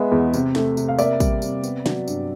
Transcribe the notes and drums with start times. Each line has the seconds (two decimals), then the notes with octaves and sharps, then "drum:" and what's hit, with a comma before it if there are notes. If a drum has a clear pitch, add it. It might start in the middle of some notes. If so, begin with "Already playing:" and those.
Already playing: G#3 B3 E5
0.12 E2
0.34 C3, drum: tambourine
0.55 A3, drum: snare
0.77 C3, drum: tambourine
0.89 F5
0.99 A#3 D5 E5, drum: tambourine
1.20 G3, drum: kick, tambourine
1.42 C3, drum: tambourine
1.64 B3, drum: tambourine
1.86 F#3, drum: snare
2.08 G2, drum: tambourine